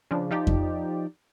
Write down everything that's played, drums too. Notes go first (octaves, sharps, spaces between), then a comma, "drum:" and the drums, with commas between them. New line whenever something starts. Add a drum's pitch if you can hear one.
C#3 F3 D4
F3 D#4 G4 D5
drum: kick F2